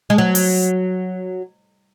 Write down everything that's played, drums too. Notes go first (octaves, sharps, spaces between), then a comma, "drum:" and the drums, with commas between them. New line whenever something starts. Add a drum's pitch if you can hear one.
G#3
F#3
drum: open hi-hat